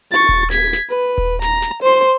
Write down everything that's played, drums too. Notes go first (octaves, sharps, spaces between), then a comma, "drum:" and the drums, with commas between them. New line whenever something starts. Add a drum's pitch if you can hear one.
C#6 A6
drum: kick D#1
G#6 B6, drum: snare
drum: snare
B4
drum: kick D#1
A#5, drum: snare
drum: snare
C5 C6